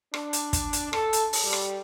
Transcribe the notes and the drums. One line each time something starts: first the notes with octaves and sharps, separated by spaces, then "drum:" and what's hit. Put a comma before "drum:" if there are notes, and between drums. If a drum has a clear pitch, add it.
D4, drum: rim click
drum: hi-hat
drum: kick, hi-hat
drum: hi-hat
A4, drum: rim click
drum: hi-hat
drum: open hi-hat
G3
drum: rim click